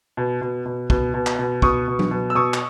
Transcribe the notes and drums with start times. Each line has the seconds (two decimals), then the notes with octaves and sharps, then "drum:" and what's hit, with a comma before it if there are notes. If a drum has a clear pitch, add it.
0.17 B2
0.41 B2
0.66 B2
0.90 B2, drum: kick
1.14 B2
1.27 drum: clap
1.39 B2
1.62 B2 C#6 D#6, drum: kick
1.88 B2
1.99 drum: tom F#3
2.11 B2
2.30 E6
2.35 B2 C#6 D#6
2.54 drum: clap